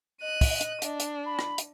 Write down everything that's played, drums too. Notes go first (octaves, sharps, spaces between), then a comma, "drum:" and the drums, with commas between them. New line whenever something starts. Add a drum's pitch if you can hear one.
D#5 F#6 D#7
drum: kick, open hi-hat
drum: hi-hat
D4, drum: hi-hat
drum: hi-hat
B5
drum: rim click
drum: hi-hat